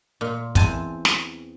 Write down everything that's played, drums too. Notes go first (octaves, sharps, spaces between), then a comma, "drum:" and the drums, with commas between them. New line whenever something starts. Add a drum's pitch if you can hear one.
A#2
E2 C4 G#5 A5, drum: kick, hi-hat
drum: snare